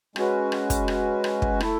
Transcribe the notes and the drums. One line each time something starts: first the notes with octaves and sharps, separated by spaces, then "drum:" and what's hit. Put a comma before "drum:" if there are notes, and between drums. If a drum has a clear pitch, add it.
G#3 C#4 F#4 B4, drum: rim click
drum: rim click
drum: kick, hi-hat
drum: rim click
drum: rim click
drum: kick
A3 E4 A4, drum: rim click